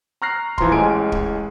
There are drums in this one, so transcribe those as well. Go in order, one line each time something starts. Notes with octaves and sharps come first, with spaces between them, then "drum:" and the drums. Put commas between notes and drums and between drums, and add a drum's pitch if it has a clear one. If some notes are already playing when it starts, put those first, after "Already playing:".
A#5 C#6 F6 F#6 A#6 C7
E3 F3 A#5 C6, drum: kick D1
A1 A2 G#3 G#5 D7
drum: kick D1